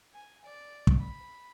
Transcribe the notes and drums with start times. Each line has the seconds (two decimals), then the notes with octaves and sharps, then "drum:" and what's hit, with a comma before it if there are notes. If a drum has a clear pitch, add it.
0.13 G#5
0.45 D5
0.87 drum: kick
0.99 B5